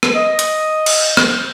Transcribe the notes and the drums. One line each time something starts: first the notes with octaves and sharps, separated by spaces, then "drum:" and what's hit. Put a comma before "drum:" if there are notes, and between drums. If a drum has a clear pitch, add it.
drum: rim click
D#5
drum: hi-hat
drum: cymbal
drum: rim click